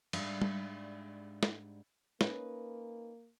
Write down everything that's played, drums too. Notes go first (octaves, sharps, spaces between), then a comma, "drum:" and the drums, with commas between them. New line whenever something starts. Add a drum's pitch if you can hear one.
G#2 G3 D4 D5 E5 F5, drum: cymbal
drum: tom
drum: snare
A#3 C#4 D#4 B4, drum: snare